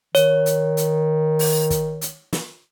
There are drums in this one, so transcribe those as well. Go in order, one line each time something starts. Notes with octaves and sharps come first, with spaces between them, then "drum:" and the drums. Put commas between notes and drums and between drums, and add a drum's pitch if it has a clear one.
D#3 C#5, drum: hi-hat
drum: hi-hat
drum: hi-hat
drum: open hi-hat
drum: kick, hi-hat
drum: hi-hat
drum: snare